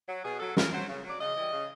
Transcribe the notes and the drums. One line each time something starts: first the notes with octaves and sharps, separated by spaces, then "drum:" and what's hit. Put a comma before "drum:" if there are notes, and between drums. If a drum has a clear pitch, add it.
F#3
B2 G#4
F#3 A4
C#3 A#4, drum: snare
F#3 C5
C#3
F#3
D5
C#3 D#5
E3 G3
C#3